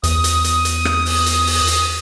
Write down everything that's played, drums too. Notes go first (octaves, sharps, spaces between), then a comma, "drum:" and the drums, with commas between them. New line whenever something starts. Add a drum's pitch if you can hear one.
E2 D#6, drum: hi-hat
drum: hi-hat
drum: hi-hat
drum: hi-hat
drum: rim click
drum: open hi-hat
drum: hi-hat
drum: open hi-hat
drum: hi-hat